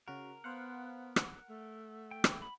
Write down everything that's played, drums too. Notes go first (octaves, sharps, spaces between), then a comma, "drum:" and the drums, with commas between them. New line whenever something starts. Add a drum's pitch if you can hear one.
C#3 F#4 A#4
B3 C5 F5 F#5
F#5, drum: rim click
A3
G5
drum: rim click
B5